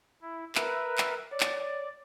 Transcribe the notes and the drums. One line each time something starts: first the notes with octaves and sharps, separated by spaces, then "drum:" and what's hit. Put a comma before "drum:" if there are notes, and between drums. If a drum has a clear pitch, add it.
E4
A#4 B4 E5, drum: clap
drum: clap
C#5 D5
drum: clap